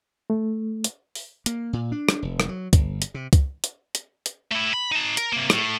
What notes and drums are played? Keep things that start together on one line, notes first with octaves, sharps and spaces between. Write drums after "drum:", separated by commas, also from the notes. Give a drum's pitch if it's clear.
A3
drum: hi-hat
drum: open hi-hat
A#3, drum: hi-hat
A#2
D4
drum: rim click
F1
drum: rim click
F#3
G1, drum: kick, hi-hat
drum: hi-hat
C3
drum: kick, hi-hat
drum: hi-hat
drum: hi-hat
drum: hi-hat
A3 E4
B5
D#4 A5
A#4, drum: hi-hat
C3 A#3
A2 A3, drum: rim click